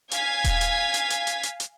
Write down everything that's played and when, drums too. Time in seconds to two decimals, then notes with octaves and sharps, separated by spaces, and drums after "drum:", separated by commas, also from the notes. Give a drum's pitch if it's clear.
0.11 F5 G#5 G#6 B6, drum: hi-hat
0.44 drum: kick D#1, hi-hat
0.61 drum: hi-hat
0.94 drum: hi-hat
1.10 drum: hi-hat
1.27 drum: hi-hat
1.43 drum: hi-hat
1.60 drum: hi-hat